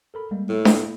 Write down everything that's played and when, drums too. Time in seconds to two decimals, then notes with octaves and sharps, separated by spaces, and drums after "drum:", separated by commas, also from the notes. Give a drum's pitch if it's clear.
0.14 A4 A#4 B5
0.31 G3 G#3 A#3
0.49 A2
0.65 F4 G5 D#6, drum: snare D4
0.81 A#3 E4